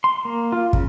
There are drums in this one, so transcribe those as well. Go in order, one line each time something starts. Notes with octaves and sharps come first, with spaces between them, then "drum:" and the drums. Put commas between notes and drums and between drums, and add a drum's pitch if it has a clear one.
C6
A#3
F4
C#3, drum: kick